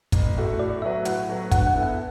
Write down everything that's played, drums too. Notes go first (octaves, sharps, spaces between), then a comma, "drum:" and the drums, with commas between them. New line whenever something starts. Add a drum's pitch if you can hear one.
A1, drum: kick, hi-hat
A2 A3 F#4 A4
A2 D5
F#3 A3 F#4 B4 E5
A2 F#5, drum: hi-hat
F#3 A3 F#4 B4
D3 F#5, drum: kick, hi-hat
F#5
B3 E4 A4
F#5